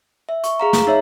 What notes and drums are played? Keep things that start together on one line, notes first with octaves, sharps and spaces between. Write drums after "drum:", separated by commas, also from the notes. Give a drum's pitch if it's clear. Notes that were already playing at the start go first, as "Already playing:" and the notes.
E5
C#6, drum: hi-hat
G#4 F5 A#5
drum: snare
D#4 C#5 E5